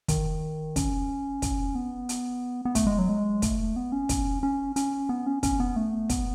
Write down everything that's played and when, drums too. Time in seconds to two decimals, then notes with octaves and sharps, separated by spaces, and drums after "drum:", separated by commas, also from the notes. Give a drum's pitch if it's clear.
0.08 D#3, drum: kick, hi-hat
0.76 C#4, drum: kick, hi-hat
1.42 drum: kick, hi-hat
1.75 B3
2.09 drum: hi-hat
2.65 B3
2.75 A3, drum: kick, hi-hat
2.87 G#3
2.99 F#3
3.09 G#3
3.42 A3, drum: kick, hi-hat
3.76 B3
3.92 C#4
4.09 drum: kick, hi-hat
4.43 C#4
4.76 C#4, drum: hi-hat
5.09 B3
5.27 C#4
5.43 C#4, drum: kick, hi-hat
5.60 B3
5.76 A3
6.09 B3, drum: kick, hi-hat